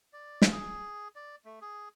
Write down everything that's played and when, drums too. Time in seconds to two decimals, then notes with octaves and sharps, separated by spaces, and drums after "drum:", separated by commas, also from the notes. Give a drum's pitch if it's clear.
0.13 D5
0.42 drum: snare
0.52 G#4
1.15 D5
1.45 A3
1.61 G#4